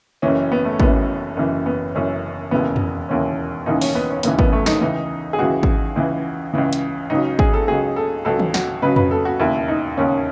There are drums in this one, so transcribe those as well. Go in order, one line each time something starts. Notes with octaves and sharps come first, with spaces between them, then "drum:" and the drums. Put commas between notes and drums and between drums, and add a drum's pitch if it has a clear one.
F#1 F#2 E3 C#4
B3
A3
F#1 F#2 E3 B3, drum: kick G#1
F#1 F#2 E3
B3
F#1 F#2 E3 C#4
E1 D#2 C#3 E3 B3
drum: tom F2
E1 D#2 C#3 E3 C#4
E1 D#2 C#3 E3 D#4
C#4, drum: open hi-hat
B3
C#4
E1 D#2 C#3 E3 B3, drum: hi-hat
B3, drum: kick G#1
A3
D#4, drum: snare
C#2 C#3 E3
G#4
C#2 C#3 E3 F#4
drum: kick G#1
C#2 C#3 E3
C#2 C#3 E3
drum: hi-hat
C#2 C#3 F#3 D#4
G#4, drum: kick G#1
A4
C#2 C#3 F#3 G#4
A4
C#2 C#3 F#3 A4
drum: tom D#3
F#4, drum: snare
C#2 C#3 F#3 B4
B4, drum: tom F2
A4
F#4
E1 D#2 C#3 E4
D#4
E1 D#2 C#3 C#4